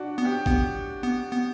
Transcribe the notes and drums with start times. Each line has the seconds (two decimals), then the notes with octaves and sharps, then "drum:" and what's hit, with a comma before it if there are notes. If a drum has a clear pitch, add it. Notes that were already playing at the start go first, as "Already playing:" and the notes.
Already playing: D4 F#4
0.18 B3
0.25 G4
0.46 B3, drum: kick G#1
1.03 B3
1.31 B3